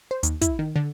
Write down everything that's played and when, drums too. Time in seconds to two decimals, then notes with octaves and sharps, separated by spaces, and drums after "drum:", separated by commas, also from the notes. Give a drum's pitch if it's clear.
0.11 C5
0.23 D#2, drum: hi-hat
0.41 E4, drum: kick, hi-hat
0.59 D#3
0.76 D3